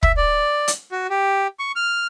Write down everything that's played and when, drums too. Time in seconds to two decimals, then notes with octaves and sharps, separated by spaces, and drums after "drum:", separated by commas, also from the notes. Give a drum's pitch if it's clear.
0.03 E5, drum: kick
0.17 D5
0.68 drum: hi-hat
0.91 F#4
1.10 G4
1.59 C#6
1.76 F6